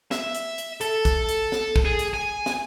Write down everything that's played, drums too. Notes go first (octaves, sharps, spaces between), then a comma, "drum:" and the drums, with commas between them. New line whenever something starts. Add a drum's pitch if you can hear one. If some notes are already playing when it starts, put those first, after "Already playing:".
E5, drum: snare
drum: hi-hat
drum: hi-hat
A4, drum: hi-hat
drum: kick, hi-hat
drum: hi-hat
drum: snare
drum: kick
G#4
drum: hi-hat
G#5
drum: snare